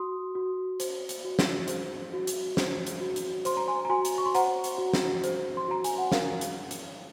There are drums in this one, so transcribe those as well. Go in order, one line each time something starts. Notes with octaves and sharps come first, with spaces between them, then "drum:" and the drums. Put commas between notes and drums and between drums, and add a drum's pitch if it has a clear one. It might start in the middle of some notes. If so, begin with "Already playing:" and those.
Already playing: F#4 C6 D#6
F#4
C5, drum: hi-hat
drum: hi-hat
F#4
drum: snare
C5, drum: hi-hat
F#4
drum: hi-hat
C5, drum: snare
drum: hi-hat
F#4
drum: hi-hat
C5 C6, drum: hi-hat
A#5
G#5 C6
A#5
F#4 G#5 C6
drum: hi-hat
C#6
C6
C5 F#5 A#5, drum: hi-hat
drum: hi-hat
F#4
drum: snare
C5, drum: hi-hat
C6
F#4 A#5
G#5, drum: hi-hat
F#5
A#4 F5, drum: snare
drum: hi-hat
drum: hi-hat